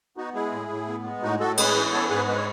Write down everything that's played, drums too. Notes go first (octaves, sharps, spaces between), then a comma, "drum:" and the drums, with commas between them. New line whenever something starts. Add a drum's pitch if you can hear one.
B3 D#4 F#4
G#3 E4 G#4
A2
A2
B3
G#3
A2 D#4 F#4
A2 F#4 A4
G#3 G#4 B4, drum: cymbal
E3
B3 A4 C#5
G#2 G#4 B4
G#3 B4
C#5